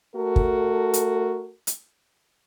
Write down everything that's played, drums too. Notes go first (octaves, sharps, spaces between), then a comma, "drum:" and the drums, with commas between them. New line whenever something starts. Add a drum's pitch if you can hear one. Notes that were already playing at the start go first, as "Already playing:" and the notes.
A3 F#4 A4 A#4
drum: kick
drum: hi-hat
drum: hi-hat